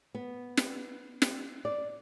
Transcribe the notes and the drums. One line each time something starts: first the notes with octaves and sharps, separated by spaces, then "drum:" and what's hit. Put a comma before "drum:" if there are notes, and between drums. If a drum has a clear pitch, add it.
B3
drum: snare
drum: snare
D5